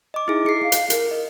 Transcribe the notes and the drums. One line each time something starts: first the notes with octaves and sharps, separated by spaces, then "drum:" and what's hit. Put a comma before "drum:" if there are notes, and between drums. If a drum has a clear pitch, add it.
D#5 D6
D#4 E4 G#4
G#4 C7 C#7
F5
drum: hi-hat
A#4, drum: hi-hat
D#5